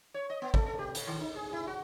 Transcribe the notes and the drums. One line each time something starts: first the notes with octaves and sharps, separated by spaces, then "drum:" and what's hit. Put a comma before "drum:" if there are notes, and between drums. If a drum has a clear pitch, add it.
C#5
D#5
B3
A4, drum: kick G#1
A4
G4
C#3, drum: hi-hat
D#3
D#4
G#4
E4
F#4